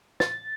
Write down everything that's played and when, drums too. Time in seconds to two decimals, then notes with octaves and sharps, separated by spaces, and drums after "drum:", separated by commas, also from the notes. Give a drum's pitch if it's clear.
0.20 A6, drum: snare